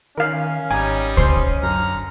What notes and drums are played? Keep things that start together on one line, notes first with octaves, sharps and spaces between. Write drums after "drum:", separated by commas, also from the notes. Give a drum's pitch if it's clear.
D#3 C#4 A#4 F5
G#1 G3 D#4 G#5 A#5
C5 C6, drum: kick
F#2 D3 A#5 F6